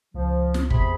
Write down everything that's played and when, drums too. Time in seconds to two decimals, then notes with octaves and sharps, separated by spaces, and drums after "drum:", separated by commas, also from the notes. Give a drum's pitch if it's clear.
0.14 C#2 F3
0.54 drum: snare
0.70 E2 C3 G#4 B5, drum: kick